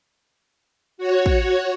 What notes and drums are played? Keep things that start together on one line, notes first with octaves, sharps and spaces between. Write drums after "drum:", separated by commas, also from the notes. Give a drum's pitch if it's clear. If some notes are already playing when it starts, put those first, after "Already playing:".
F#4 C#5
drum: kick